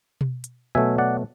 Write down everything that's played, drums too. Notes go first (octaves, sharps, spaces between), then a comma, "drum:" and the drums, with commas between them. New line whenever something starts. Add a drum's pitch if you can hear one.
drum: tom B2
drum: hi-hat
B2 F#3 A3 E5 G#5
D5 F#5